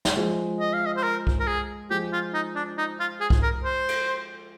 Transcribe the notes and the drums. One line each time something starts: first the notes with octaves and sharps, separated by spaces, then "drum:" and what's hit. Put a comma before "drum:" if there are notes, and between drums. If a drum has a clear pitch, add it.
drum: snare
F3 G#3
D#5
F5
D#5
C5
A#4
drum: kick C2
A#4
G#4
F3 G#3 G4
F4
D#4
D4
D#4
F4
G#4
drum: kick C2
A#4
C5
drum: cymbal